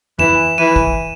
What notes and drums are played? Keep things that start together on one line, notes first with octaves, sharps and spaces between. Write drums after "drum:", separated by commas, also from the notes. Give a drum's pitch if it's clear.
E3 E7, drum: tom F2
E3 D#7
drum: kick